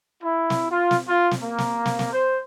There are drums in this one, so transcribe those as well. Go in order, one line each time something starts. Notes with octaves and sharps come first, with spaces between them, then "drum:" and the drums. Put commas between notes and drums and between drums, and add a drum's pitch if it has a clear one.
E4
drum: snare
F4
drum: snare
F4
drum: snare
A#3
drum: snare
drum: snare
drum: snare
C5